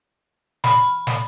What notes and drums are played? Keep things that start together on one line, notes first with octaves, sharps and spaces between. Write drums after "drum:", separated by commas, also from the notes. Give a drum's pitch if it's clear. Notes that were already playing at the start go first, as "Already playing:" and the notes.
B5, drum: snare
drum: snare